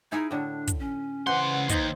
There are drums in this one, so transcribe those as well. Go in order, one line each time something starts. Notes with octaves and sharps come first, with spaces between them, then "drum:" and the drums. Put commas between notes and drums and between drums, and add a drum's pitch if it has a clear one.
D#4 E4 G#4 A#4
A2 D3 D4
drum: kick, hi-hat
C#4
C#3 E3 B4 C5 F#5 C6
D#2 D#4 C5 D#5, drum: kick, hi-hat